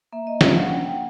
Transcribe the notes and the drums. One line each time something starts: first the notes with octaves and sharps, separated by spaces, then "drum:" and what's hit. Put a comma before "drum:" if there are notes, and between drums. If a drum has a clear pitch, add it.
A#3 E5
D#5
D4 F5, drum: snare
F#5
A#3 G5
F#5